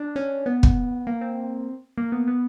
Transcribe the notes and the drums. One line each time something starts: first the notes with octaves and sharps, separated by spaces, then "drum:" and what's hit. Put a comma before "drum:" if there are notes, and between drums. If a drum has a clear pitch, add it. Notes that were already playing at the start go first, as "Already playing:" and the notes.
Already playing: D4
C#4
B3
drum: kick
A#3
C4
A#3
B3
B3